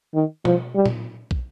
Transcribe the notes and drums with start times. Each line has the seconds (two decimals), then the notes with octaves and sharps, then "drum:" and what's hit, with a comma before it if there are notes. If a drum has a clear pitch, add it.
0.14 D#3
0.45 F3, drum: tom B2
0.75 G3
0.86 drum: tom A#2
1.31 drum: kick